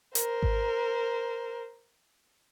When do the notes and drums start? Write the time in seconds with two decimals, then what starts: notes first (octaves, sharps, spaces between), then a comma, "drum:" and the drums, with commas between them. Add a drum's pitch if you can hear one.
0.15 A#4 C5, drum: hi-hat
0.43 drum: kick G#1